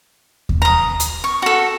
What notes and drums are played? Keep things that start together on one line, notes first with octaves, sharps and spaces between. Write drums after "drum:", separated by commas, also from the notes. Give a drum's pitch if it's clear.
drum: kick D#2
A#5 D#6
drum: hi-hat
C#6
F#4 A4